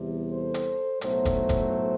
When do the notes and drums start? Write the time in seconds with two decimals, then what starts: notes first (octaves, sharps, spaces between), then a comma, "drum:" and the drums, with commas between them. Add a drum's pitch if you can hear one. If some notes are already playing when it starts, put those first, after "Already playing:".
Already playing: E2 C3 G3
0.30 A4 C5
0.54 drum: hi-hat
1.01 B1 A2 F#3 A3 A4 C5, drum: hi-hat
1.25 drum: kick F1, hi-hat
1.49 drum: kick F1, hi-hat